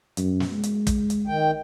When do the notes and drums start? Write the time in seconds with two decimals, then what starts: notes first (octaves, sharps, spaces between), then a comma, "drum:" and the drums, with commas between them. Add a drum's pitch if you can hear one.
0.17 F#2, drum: hi-hat
0.40 drum: snare
0.52 G#3
0.63 drum: hi-hat
0.87 drum: kick, hi-hat
1.10 drum: hi-hat
1.27 D#3 G5